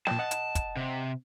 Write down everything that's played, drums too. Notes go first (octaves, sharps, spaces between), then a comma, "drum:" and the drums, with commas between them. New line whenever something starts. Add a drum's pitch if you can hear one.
A#2 G5 A5, drum: snare
D#5 F#5
drum: hi-hat
drum: kick, hi-hat
C3